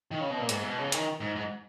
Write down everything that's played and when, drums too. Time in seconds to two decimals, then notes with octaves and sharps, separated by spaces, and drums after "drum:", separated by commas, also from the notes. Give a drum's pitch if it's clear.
0.11 D#3
0.20 C#3
0.30 B2
0.40 A#2
0.49 G#2, drum: hi-hat
0.63 B2
0.78 C#3
0.92 D#3, drum: hi-hat
1.20 G#2
1.36 G#2